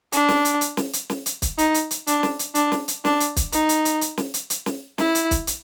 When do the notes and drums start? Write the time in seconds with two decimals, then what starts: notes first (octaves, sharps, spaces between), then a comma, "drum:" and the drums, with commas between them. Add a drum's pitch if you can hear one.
0.12 D4, drum: hi-hat
0.29 drum: snare
0.45 drum: hi-hat
0.61 drum: hi-hat
0.77 drum: snare
0.93 drum: hi-hat
1.10 drum: snare
1.26 drum: hi-hat
1.42 drum: kick, hi-hat
1.58 D#4, drum: hi-hat
1.74 drum: hi-hat
1.91 drum: hi-hat
2.07 D4, drum: hi-hat
2.23 drum: snare
2.39 drum: hi-hat
2.55 D4, drum: hi-hat
2.72 drum: snare
2.88 drum: hi-hat
3.05 D4, drum: snare
3.20 drum: hi-hat
3.36 drum: kick, hi-hat
3.52 D#4, drum: hi-hat
3.69 drum: hi-hat
3.85 drum: hi-hat
4.01 drum: hi-hat
4.17 drum: snare
4.34 drum: hi-hat
4.50 drum: hi-hat
4.66 drum: snare
4.98 E4, drum: snare
5.15 drum: hi-hat
5.31 drum: kick, hi-hat
5.47 drum: hi-hat